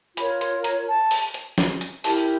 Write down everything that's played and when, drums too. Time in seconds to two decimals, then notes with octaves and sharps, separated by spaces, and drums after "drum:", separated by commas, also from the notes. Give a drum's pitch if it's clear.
0.17 F4 A#4 C#5 B5, drum: hi-hat
0.41 C6, drum: hi-hat
0.64 A#5, drum: hi-hat
0.88 A5
1.11 drum: open hi-hat
1.34 drum: hi-hat
1.58 drum: snare
1.81 drum: hi-hat
2.04 E4 G4 A#4 A5, drum: open hi-hat